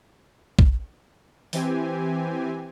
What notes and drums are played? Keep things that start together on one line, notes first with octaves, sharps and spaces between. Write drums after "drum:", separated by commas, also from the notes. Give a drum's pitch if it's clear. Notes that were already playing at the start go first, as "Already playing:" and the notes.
drum: kick
E3 C4 G4 G#5, drum: open hi-hat